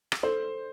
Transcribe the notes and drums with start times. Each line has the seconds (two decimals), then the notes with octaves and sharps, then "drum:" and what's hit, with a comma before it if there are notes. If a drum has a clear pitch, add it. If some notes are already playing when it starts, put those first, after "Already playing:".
0.12 drum: rim click
0.23 A4 C5